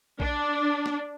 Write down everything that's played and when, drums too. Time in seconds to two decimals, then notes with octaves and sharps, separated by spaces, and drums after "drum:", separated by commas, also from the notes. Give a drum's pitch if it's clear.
0.20 D4, drum: kick
0.86 drum: snare